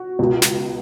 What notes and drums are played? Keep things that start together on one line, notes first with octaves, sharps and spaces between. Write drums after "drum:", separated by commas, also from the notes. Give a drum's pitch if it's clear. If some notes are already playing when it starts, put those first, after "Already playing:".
Already playing: F#4
C#2 B2
drum: snare